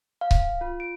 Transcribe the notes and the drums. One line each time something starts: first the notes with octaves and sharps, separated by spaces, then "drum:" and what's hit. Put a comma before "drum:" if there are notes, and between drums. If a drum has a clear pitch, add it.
F5
drum: kick C#1
F4
D7